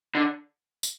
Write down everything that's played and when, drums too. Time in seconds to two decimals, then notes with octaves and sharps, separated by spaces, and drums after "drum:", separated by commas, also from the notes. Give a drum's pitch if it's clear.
0.15 D3
0.83 drum: tambourine